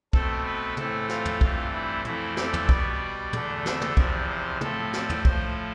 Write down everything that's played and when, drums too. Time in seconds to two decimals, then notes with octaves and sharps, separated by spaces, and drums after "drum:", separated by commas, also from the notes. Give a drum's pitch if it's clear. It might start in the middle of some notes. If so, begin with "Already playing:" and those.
0.13 B2 A3 C4 A4, drum: kick
0.45 B4
0.77 A2 E3 A3 C4 A4, drum: tom
1.09 F4, drum: snare
1.25 drum: tom
1.41 G2 E3 A3 C4, drum: kick
1.74 E4
2.05 F2 E3 A3 C4 E4, drum: tom
2.37 D5, drum: snare
2.53 drum: tom
2.69 B2 G3 B3, drum: kick
3.33 E2 D3 A3, drum: tom
3.66 E5, drum: snare
3.82 drum: tom
3.97 E2 C3 F3 D5, drum: kick
4.29 C5
4.61 A2 F3 A3 C4 A4, drum: tom
4.93 D5, drum: snare
5.10 drum: tom
5.25 A2 F3 A3 C5, drum: kick